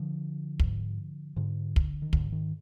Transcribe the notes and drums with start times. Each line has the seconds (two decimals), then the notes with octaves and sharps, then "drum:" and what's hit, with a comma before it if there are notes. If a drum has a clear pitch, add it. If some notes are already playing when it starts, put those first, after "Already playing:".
Already playing: D3 F3
0.60 G#2, drum: kick
1.36 G#2 D3
1.76 drum: kick
2.02 D#3
2.13 G#2 D3, drum: kick
2.32 D#3